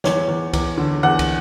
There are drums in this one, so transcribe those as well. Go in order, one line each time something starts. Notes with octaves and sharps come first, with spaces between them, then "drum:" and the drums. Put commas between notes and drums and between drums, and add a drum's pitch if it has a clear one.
E2 C#5, drum: snare
E2
E2, drum: kick, cymbal
D3
E2 F#5
drum: kick, cymbal